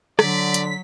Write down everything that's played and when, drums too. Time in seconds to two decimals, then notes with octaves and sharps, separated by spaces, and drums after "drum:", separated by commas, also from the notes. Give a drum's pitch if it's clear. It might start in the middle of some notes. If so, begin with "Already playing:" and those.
0.19 D3 F#3 D5 B6, drum: rim click
0.54 drum: hi-hat